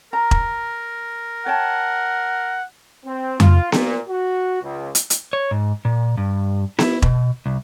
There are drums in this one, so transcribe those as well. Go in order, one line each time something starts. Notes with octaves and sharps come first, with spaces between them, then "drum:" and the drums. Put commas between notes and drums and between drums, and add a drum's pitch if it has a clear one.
A#4 A#5
drum: kick E1
C#5 F#5 G5 A5
C4
F4, drum: tom F2
A#2, drum: snare B3
F#4
C#2
drum: hi-hat
drum: hi-hat
C#5
G#2
A#2
G2
E4, drum: snare B3
B2, drum: kick E1
C2